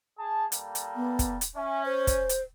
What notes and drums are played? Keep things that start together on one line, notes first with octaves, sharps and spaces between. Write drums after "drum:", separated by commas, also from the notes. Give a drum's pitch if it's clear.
G#4 A5
G3 A#3 A4, drum: hi-hat
drum: hi-hat
B3
drum: kick, hi-hat
drum: hi-hat
C#4 E5
C5
drum: kick, hi-hat
drum: hi-hat